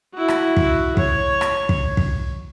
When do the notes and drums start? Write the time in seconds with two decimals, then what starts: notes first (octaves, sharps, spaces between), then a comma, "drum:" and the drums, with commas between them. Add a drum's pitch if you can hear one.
0.14 E4 F#4
0.28 drum: rim click
0.57 drum: kick
0.97 C#5, drum: kick
1.41 drum: rim click
1.69 drum: kick
1.97 drum: kick